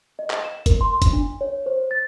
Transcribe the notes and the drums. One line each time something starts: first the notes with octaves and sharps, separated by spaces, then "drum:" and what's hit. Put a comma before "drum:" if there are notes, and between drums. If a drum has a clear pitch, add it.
D#5
drum: clap
E7
A#4, drum: kick, hi-hat
C6
drum: kick, hi-hat
D4
C#5
C5
A6